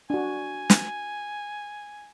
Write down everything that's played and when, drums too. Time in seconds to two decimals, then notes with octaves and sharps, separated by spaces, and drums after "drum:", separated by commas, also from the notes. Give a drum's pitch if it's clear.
0.10 D4 F#4 G#5
0.70 drum: snare